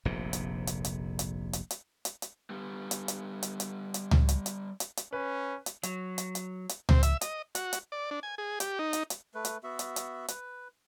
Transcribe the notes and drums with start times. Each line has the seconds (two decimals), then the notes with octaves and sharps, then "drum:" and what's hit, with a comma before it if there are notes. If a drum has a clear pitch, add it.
0.05 F1 A#1 G#2 C3
0.33 drum: hi-hat
0.67 drum: hi-hat
0.85 drum: hi-hat
1.19 drum: hi-hat
1.53 drum: hi-hat
1.71 drum: hi-hat
2.05 drum: hi-hat
2.22 drum: hi-hat
2.50 G3 B3
2.91 drum: hi-hat
3.08 drum: hi-hat
3.43 drum: hi-hat
3.60 drum: hi-hat
3.94 drum: hi-hat
4.11 drum: tom C#2
4.29 drum: hi-hat
4.46 drum: hi-hat
4.80 drum: hi-hat
4.97 drum: hi-hat
5.13 C#4 B4
5.66 drum: hi-hat
5.83 F#3, drum: hi-hat
6.18 drum: hi-hat
6.35 drum: hi-hat
6.69 drum: hi-hat
6.89 C4, drum: tom C#2
7.03 E5, drum: hi-hat
7.21 D#5, drum: hi-hat
7.55 F#4, drum: hi-hat
7.73 drum: hi-hat
7.92 D5
8.11 D4
8.23 G#5
8.38 G#4
8.60 G4, drum: hi-hat
8.79 D#4
8.93 drum: hi-hat
9.10 drum: hi-hat
9.34 A3 B4
9.45 drum: hi-hat
9.63 B3 F#4 E5
9.79 drum: hi-hat
9.96 drum: hi-hat
10.28 B4, drum: hi-hat